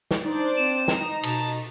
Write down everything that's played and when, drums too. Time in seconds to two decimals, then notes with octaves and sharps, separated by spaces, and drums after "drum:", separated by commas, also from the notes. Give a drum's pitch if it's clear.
0.11 drum: snare
0.23 D4 D#4 C5 D5
0.57 C4 E7
0.88 D#4 A#5, drum: snare
1.23 B2 A5, drum: cymbal